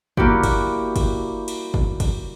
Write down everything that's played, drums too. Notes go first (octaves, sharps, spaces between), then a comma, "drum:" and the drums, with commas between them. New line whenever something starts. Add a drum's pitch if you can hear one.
G3 A#3 E4 F#4 G4, drum: kick
drum: kick, cymbal
drum: kick, cymbal
drum: cymbal
drum: kick
drum: kick, cymbal